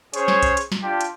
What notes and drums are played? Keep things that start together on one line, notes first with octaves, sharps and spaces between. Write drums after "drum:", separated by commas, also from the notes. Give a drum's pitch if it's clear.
C#4 G#4 C5 C#5, drum: hi-hat
drum: snare
drum: kick B1, hi-hat
drum: hi-hat
drum: snare
D4 F4 G4
drum: hi-hat